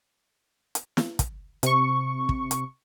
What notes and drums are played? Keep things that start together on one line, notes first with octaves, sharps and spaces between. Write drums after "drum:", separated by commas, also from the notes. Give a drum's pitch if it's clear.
drum: hi-hat
drum: snare
drum: kick, hi-hat
C3 C#6, drum: hi-hat
drum: kick
drum: hi-hat